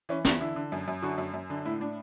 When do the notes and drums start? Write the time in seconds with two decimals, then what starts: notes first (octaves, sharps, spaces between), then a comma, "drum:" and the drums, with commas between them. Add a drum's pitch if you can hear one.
0.09 E3 C#4
0.25 E3 D4, drum: snare
0.40 D3 E4
0.56 D3
0.72 F#2
0.88 F#2
1.02 D3 F#4
1.18 F#2
1.34 F#2
1.50 D3
1.65 A2 E4
1.80 A2 D4